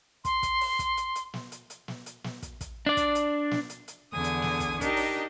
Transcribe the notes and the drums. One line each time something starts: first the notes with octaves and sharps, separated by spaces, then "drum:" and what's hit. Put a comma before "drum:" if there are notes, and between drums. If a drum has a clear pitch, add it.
C6, drum: kick, hi-hat
drum: kick, hi-hat
drum: open hi-hat
drum: kick, hi-hat
drum: hi-hat
drum: hi-hat
drum: snare
drum: hi-hat
drum: hi-hat
drum: snare
drum: hi-hat
drum: snare
drum: kick, hi-hat
drum: kick, hi-hat
D4 D5
drum: kick, hi-hat
drum: hi-hat
drum: snare
drum: hi-hat
drum: hi-hat
E2 D3 G#5 D#6
drum: hi-hat
drum: snare
drum: kick, hi-hat
D4 D#4 G4 A#4 D#5, drum: kick, hi-hat
drum: open hi-hat